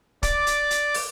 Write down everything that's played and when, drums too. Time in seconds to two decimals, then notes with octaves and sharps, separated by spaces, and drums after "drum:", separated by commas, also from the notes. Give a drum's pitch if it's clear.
0.23 D5 D6, drum: kick, hi-hat
0.47 drum: hi-hat
0.71 drum: hi-hat
0.95 drum: open hi-hat